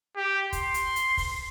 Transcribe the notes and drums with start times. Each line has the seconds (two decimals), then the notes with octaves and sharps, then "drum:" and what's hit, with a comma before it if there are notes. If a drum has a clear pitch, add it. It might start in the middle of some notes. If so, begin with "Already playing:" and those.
0.17 G4
0.53 C6, drum: kick, hi-hat
0.74 drum: hi-hat
0.96 drum: hi-hat
1.17 drum: kick, open hi-hat